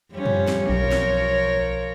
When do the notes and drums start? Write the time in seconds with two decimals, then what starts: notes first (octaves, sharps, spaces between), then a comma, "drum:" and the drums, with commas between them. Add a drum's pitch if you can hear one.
0.12 F2 G3 C#4
0.25 drum: tom
0.47 drum: snare
0.69 B1 F3 A#4 C#5
0.91 drum: snare